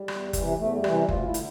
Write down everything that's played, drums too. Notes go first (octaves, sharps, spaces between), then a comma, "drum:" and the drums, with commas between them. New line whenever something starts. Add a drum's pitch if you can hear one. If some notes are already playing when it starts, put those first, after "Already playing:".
Already playing: G3
E2, drum: rim click
C3 E3, drum: kick F#1, hi-hat
E2 A3
G3
C3 E3, drum: rim click
G3
D2 F4, drum: kick F#1
E4
D3, drum: hi-hat